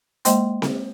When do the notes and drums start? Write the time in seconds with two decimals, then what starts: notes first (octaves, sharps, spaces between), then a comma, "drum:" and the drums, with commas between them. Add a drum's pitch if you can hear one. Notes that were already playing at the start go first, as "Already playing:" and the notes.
0.25 G#3 A#3 C5 D#5 G5 C6, drum: hi-hat
0.62 drum: snare C4